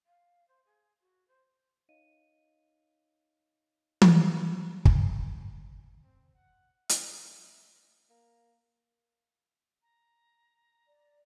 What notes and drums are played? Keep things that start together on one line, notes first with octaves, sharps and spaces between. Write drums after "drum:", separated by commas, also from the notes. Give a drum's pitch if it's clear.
F5
C5
G#4
F#4
C5
D#4 C#5 D#5 F5 D#7
drum: tom E3
drum: kick
C4
F#5
E5, drum: hi-hat
A#3
A#5
D5